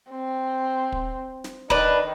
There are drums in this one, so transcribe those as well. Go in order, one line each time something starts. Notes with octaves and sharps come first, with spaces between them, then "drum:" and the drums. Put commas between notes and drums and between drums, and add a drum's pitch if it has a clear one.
C4
drum: kick
drum: snare
D#3 D4 B4, drum: kick